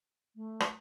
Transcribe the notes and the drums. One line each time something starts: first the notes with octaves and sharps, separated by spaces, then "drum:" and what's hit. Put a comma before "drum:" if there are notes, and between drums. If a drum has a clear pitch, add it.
A3
drum: rim click